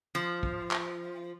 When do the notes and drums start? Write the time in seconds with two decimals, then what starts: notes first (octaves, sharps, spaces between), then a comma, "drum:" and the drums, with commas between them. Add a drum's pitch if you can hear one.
0.15 F3
0.43 drum: kick
0.71 drum: clap